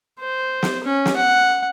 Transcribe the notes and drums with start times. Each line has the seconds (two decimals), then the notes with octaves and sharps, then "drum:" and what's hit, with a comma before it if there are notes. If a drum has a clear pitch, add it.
0.20 C5
0.63 drum: snare
0.84 C#4
1.05 drum: snare
1.16 F#5